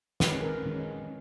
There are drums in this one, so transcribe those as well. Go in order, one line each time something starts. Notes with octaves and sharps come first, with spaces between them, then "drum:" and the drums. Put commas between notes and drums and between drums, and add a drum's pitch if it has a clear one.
D#3 G#3 C#4 B4, drum: snare
A#4
D#3 G#3 C#4